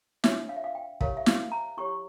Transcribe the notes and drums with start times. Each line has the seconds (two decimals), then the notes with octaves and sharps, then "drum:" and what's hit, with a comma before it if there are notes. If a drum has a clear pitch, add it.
0.24 D4 F4 C#5 E5, drum: snare
0.49 F5
0.57 E5
0.64 F5
0.75 G5
1.01 E4 G4 A#4 C#5 F5, drum: kick
1.17 E5
1.26 F5, drum: snare
1.52 A#5
1.77 E4 G4 C#5 C#6